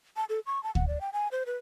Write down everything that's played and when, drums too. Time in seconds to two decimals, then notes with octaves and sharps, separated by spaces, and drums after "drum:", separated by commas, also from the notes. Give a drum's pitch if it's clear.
0.16 A5
0.29 A4
0.46 C#6
0.63 A5
0.75 F#5, drum: kick
0.88 D5
1.01 G5
1.13 G#5
1.32 C5
1.46 B4